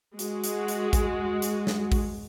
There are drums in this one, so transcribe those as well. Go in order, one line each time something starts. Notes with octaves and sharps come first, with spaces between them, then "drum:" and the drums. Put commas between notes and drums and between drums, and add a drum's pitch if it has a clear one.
G#3 F#4, drum: hi-hat
drum: hi-hat
drum: hi-hat
drum: kick A1, hi-hat
drum: hi-hat
drum: snare
drum: kick A1, open hi-hat